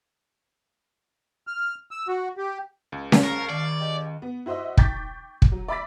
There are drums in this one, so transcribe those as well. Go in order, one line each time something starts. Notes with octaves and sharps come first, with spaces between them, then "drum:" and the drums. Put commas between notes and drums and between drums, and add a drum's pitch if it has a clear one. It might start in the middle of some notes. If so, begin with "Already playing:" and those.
F6
E6
F#4
G4
C#2
drum: snare C#4
A#4 F5 A5 C#6
D#3 D5
G4 D#5
B3
E4 F#4 C5 D#5 E5
G5 C#6 D6 G6 A6 B6, drum: kick
drum: kick
F#3
D5 E5 B5 D6 A6 B6